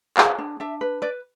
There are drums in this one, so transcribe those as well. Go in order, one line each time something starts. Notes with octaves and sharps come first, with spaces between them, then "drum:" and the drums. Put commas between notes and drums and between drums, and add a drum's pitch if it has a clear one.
G#4 F5, drum: clap
D4
D4 E5
B4
B4 D5